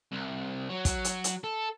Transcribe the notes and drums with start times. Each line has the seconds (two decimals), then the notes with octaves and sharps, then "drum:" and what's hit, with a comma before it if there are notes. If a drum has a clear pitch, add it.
0.12 C2
0.69 F#3
0.85 drum: kick, hi-hat
1.05 drum: hi-hat
1.24 drum: hi-hat
1.44 A4